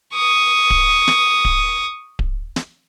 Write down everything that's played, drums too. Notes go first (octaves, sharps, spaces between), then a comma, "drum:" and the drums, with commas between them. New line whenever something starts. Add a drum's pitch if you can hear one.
C#6 D#6
drum: kick D1
drum: snare
drum: kick D1
drum: kick D1
drum: snare